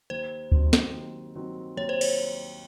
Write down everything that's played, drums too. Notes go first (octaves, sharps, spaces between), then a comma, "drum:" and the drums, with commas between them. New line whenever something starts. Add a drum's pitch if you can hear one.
D#2 C5
D#3 F#3 C4 F#4, drum: kick D2
drum: snare
D#2
D#3 F#3 C4 F#4
D#2 C#5
C5
C#5, drum: cymbal